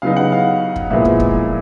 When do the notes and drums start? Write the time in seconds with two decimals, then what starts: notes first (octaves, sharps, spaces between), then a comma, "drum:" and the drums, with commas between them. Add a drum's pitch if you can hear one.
0.02 C#3 F#3 B3 D#4 F5
0.16 F#5
0.32 F5
0.76 drum: kick
0.90 A#2 F3 G#3 B3 E4 E5
1.05 drum: kick
1.20 drum: kick